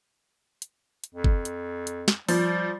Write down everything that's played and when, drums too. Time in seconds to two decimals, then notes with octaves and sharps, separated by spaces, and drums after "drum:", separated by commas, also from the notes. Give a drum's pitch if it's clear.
0.62 drum: hi-hat
1.04 drum: hi-hat
1.14 F2
1.24 drum: kick
1.45 drum: hi-hat
1.87 drum: hi-hat
2.08 drum: snare
2.29 F3 G3, drum: open hi-hat